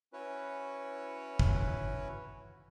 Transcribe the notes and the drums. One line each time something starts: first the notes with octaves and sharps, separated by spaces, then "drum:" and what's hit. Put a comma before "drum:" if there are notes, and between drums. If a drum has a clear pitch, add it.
C#4 E4 F#4 B4 C#5
drum: kick